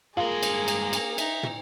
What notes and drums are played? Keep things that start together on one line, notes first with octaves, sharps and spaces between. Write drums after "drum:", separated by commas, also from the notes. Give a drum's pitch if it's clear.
G2 G#3 A#3 F4 G#4 A#4
drum: cymbal
drum: cymbal
drum: cymbal
D#4 E5, drum: cymbal
drum: tom